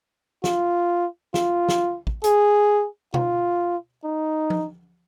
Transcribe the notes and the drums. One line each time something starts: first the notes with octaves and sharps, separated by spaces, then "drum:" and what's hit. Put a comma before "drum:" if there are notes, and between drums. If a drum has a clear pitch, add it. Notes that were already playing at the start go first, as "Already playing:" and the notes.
F4, drum: snare
F4, drum: snare
drum: snare
drum: kick
G#4, drum: hi-hat
F4, drum: tom B2
D#4
drum: tom F3